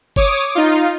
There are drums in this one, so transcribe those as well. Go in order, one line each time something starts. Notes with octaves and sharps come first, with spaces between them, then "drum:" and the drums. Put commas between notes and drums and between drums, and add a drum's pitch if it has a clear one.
C#5 D6 D#6, drum: kick F#1
D#4 F4